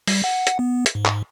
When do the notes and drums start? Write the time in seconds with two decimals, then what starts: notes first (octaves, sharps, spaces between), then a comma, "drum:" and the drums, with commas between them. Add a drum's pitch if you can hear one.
0.07 G3, drum: open hi-hat
0.24 F#5
0.47 drum: hi-hat
0.59 B3
0.86 drum: hi-hat
0.95 G#2
1.06 drum: clap